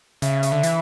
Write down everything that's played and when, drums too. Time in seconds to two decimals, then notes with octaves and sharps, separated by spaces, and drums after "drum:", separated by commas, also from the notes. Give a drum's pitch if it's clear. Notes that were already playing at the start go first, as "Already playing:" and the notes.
0.22 C#3 E5, drum: hi-hat
0.43 drum: hi-hat
0.52 D3
0.63 E3, drum: hi-hat